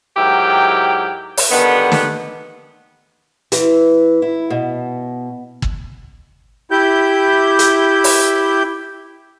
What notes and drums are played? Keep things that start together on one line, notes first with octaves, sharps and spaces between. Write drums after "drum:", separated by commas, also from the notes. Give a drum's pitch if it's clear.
G#2 F#3 E4 G4 A#4 G5
drum: open hi-hat
G2 D3 D#3 B3
drum: snare
E3, drum: hi-hat
E4
B2
drum: kick
E4 G4 G6
drum: hi-hat
drum: open hi-hat